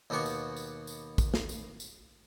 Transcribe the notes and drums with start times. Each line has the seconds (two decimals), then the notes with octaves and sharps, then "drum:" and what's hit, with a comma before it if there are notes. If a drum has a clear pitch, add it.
0.10 D#2 B2 B3 G4 F#5 C#6
0.26 drum: tambourine
0.56 drum: tambourine
0.87 drum: tambourine
1.18 drum: kick, tambourine
1.34 drum: snare
1.49 drum: tambourine
1.80 drum: tambourine